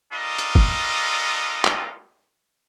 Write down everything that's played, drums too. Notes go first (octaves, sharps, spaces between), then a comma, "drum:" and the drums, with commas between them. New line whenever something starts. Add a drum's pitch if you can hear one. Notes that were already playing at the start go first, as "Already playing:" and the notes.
G3 D4 F4 A4 A#4 D#5
drum: hi-hat
drum: kick
drum: clap